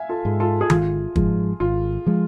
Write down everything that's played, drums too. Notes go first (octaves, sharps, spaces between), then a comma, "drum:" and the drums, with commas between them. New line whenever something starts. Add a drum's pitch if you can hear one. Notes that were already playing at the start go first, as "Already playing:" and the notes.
Already playing: E5 F5 G#5
F4 A4
G#2 G#3
F4 A4
G#4
G#1 F4, drum: tom D#3
G#2 F3 G#3, drum: kick
G#1 F4
F3 G#3